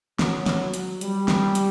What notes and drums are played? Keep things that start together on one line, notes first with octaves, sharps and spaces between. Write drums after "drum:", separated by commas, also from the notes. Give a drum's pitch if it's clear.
F#3, drum: snare
drum: snare
drum: hi-hat
G3, drum: hi-hat
drum: snare
drum: hi-hat